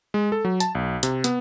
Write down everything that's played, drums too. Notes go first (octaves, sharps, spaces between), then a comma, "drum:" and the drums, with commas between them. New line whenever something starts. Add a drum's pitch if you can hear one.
G#3
A4
F#3
A5, drum: hi-hat
B1
C3, drum: hi-hat
B3, drum: hi-hat